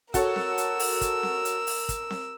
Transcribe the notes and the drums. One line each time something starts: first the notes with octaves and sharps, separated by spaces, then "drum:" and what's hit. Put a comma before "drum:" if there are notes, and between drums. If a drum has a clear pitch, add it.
F#4 A4 A#4 C#5 E6, drum: kick, hi-hat
drum: snare C4
drum: hi-hat
drum: open hi-hat
drum: kick, hi-hat
drum: snare C4
drum: hi-hat
drum: open hi-hat
drum: kick, hi-hat
drum: snare C4